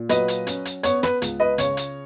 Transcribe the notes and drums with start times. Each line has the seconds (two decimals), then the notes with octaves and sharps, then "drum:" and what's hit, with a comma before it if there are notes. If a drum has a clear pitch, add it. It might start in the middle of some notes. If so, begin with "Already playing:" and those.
Already playing: A#2
0.09 F#3 B4 D#5, drum: hi-hat
0.28 drum: hi-hat
0.47 C#4, drum: hi-hat
0.65 drum: hi-hat
0.83 B3 C#5, drum: hi-hat
1.03 B4, drum: snare
1.22 C#2, drum: hi-hat
1.40 B4 D#5
1.58 C#3 C#5, drum: hi-hat
1.77 drum: hi-hat